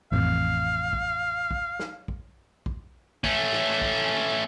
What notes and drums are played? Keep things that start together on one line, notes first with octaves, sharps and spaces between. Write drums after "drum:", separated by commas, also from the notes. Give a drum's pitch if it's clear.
A1 F2 F5
drum: kick
drum: kick
drum: snare
drum: kick
drum: kick
A3 C#4, drum: kick
drum: snare
drum: kick